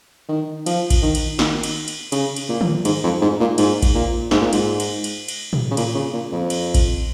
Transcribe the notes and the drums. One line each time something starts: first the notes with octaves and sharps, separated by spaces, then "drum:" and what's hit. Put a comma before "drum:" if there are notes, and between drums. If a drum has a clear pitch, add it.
D#3
F3, drum: cymbal
drum: kick A1, cymbal
D#3
drum: cymbal
D#3, drum: snare
drum: cymbal
drum: cymbal
C#3, drum: cymbal
drum: cymbal
A#2
drum: tom
G#2, drum: cymbal
F2
G#2
A#2
G#2, drum: cymbal
drum: kick A1, cymbal
A#2
G#2, drum: snare
A#2
G#2, drum: cymbal
drum: cymbal
drum: cymbal
drum: cymbal
drum: tom
C#3
A#2, drum: cymbal
C#3
A#2
F2
drum: cymbal
drum: kick A1, cymbal